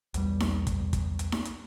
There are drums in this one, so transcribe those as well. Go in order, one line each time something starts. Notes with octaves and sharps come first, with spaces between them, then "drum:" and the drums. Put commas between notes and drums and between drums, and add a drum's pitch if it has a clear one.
B1 E2 G3, drum: hi-hat
drum: snare D#4
drum: kick, hi-hat
drum: kick, hi-hat
drum: hi-hat
drum: snare D#4
drum: hi-hat